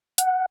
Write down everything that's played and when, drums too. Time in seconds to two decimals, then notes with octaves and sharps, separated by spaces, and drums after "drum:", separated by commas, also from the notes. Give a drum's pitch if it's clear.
0.18 F#5, drum: hi-hat